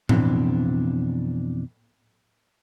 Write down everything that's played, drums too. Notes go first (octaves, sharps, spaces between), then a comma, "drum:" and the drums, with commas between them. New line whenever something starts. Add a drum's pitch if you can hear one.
F2 B2 E3 C4 D4, drum: tom A2